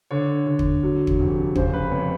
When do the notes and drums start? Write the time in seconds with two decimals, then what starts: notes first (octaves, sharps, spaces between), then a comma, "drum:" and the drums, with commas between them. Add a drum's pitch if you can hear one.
0.11 D3 C#5
0.46 D3
0.59 drum: kick
0.83 F#3
1.07 drum: kick
1.20 F1
1.55 C#3 C5, drum: kick
1.73 B4
1.92 F2 C#5